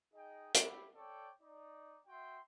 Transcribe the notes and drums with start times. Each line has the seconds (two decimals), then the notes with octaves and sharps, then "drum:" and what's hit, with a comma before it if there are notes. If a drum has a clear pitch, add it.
0.14 D#4 G#4 D#5 G5
0.54 E4 G4, drum: hi-hat
0.95 A4 C#5 D5 G5
1.42 D#4 D5
2.07 F#4 E5 G5 C6